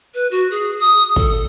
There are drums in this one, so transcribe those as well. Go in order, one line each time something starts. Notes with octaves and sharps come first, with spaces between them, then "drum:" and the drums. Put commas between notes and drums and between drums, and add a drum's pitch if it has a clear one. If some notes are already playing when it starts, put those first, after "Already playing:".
B4
F#4
G#4
D#6
A4, drum: kick